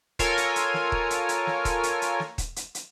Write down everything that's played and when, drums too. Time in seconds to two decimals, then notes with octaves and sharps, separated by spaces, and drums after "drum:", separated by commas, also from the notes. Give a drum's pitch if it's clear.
0.19 F4 A4 A#4 C#5 G#5, drum: kick D#1, hi-hat
0.37 drum: hi-hat
0.56 drum: hi-hat
0.74 drum: snare
0.92 drum: kick D#1
1.10 drum: hi-hat
1.29 drum: hi-hat
1.47 drum: snare
1.65 drum: kick D#1, hi-hat
1.83 drum: hi-hat
2.02 drum: hi-hat
2.20 drum: snare
2.38 drum: kick D#1, hi-hat
2.56 drum: hi-hat
2.75 drum: hi-hat